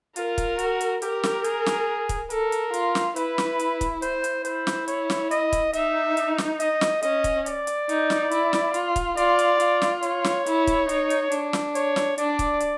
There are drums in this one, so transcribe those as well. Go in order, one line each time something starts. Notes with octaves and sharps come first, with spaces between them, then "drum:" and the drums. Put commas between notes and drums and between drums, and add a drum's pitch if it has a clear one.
F4 A#4, drum: hi-hat
drum: kick, hi-hat
F#4, drum: hi-hat
drum: hi-hat
G4 A#4, drum: hi-hat
drum: snare
G#4, drum: hi-hat
drum: snare
drum: kick, hi-hat
A4 A#4, drum: hi-hat
drum: hi-hat
F4, drum: hi-hat
drum: snare
E4 B4, drum: hi-hat
drum: snare
drum: hi-hat
drum: kick, hi-hat
C5, drum: hi-hat
drum: hi-hat
E4 C5, drum: hi-hat
drum: snare
C#5, drum: hi-hat
drum: snare
D#5, drum: hi-hat
drum: kick, hi-hat
D#4 E5, drum: hi-hat
drum: hi-hat
drum: snare
D#5, drum: hi-hat
drum: snare
C#4 D#5, drum: hi-hat
drum: kick, hi-hat
D5, drum: hi-hat
drum: hi-hat
D#4, drum: hi-hat
drum: snare
E4, drum: hi-hat
drum: snare
F4, drum: hi-hat
drum: kick, hi-hat
F4 D5, drum: hi-hat
drum: hi-hat
F4, drum: hi-hat
drum: snare
C#5, drum: hi-hat
drum: snare
E4, drum: hi-hat
drum: kick, hi-hat
D#4, drum: hi-hat
drum: hi-hat
D4, drum: hi-hat
drum: snare
C#5, drum: hi-hat
drum: snare
D4 D5, drum: hi-hat
drum: kick, hi-hat
drum: hi-hat